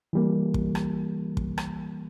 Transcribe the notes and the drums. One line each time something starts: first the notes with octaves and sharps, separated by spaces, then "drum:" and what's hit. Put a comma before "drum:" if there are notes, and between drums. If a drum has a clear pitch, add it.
E3 G3 A#3
drum: kick
drum: rim click
drum: kick
drum: rim click